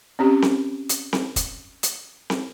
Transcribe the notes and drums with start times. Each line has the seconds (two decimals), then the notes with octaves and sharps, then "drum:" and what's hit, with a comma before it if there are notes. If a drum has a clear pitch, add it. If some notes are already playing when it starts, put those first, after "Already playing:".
0.19 C4 C#4 G4
0.42 drum: snare C4
0.89 drum: hi-hat
1.13 drum: snare C4
1.36 drum: kick, hi-hat
1.83 drum: hi-hat
2.30 drum: snare C4